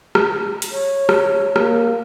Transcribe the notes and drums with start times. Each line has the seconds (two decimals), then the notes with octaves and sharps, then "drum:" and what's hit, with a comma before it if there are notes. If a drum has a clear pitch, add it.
0.15 drum: rim click
0.62 drum: hi-hat
0.72 C#5
1.09 drum: rim click
1.56 A#3, drum: rim click